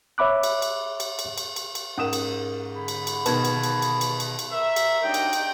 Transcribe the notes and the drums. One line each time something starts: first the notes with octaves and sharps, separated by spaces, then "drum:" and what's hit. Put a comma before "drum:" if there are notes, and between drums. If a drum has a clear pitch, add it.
C#5 E5 B5 D6 F#6
drum: cymbal
drum: cymbal
drum: cymbal
drum: cymbal
drum: cymbal
drum: cymbal
drum: cymbal
G#2 C#4 A#4 D#6 E7
drum: cymbal
D3 G#4 B5
drum: cymbal
drum: cymbal
B2 D#3 B4 A5 G#6, drum: cymbal
drum: cymbal
drum: cymbal
drum: cymbal
drum: cymbal
drum: cymbal
drum: cymbal
A#4 E5
drum: cymbal
F#3 D4 D#4 G5
drum: cymbal
drum: cymbal